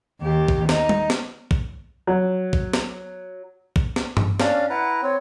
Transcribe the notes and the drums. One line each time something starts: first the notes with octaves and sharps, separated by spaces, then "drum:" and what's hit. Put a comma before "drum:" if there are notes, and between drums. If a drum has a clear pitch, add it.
D#2 G4
drum: kick
D#4, drum: snare
drum: tom
drum: snare
drum: kick
F#3
drum: kick
drum: snare
drum: kick
drum: snare
drum: tom G2
C#4 D4 D5 F5, drum: snare
E4 B4 F#5 A#5
C4 C#5